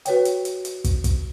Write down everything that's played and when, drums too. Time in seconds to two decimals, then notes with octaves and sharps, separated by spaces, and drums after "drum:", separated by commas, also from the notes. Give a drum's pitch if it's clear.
0.06 F#4 B4 C#5 G5, drum: hi-hat
0.25 drum: hi-hat
0.45 drum: hi-hat
0.65 drum: hi-hat
0.84 drum: kick, hi-hat
1.04 drum: kick, hi-hat